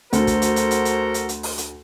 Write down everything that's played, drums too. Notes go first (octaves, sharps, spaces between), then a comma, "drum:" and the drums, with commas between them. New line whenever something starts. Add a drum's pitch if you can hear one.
D2 F#4 A4 A#4 C5, drum: hi-hat
drum: kick, hi-hat
drum: hi-hat
drum: hi-hat
drum: hi-hat
drum: hi-hat
drum: hi-hat
drum: hi-hat
drum: open hi-hat
drum: hi-hat